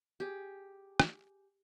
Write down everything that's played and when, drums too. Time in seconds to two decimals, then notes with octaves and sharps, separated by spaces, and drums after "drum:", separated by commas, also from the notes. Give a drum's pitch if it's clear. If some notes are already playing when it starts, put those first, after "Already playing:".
0.20 G4 G#4
1.00 drum: rim click